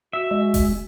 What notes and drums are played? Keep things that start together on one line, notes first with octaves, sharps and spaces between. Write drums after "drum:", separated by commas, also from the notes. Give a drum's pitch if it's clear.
F#4 E5
G#3
drum: kick F1, open hi-hat